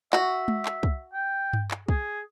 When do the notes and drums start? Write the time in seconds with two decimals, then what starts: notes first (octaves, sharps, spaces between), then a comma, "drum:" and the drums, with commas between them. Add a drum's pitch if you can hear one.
0.13 F#4 E5, drum: clap
0.48 drum: tom G#3
0.66 drum: clap
0.83 drum: kick
1.13 G5
1.53 drum: tom G2
1.71 drum: clap
1.88 G#4, drum: kick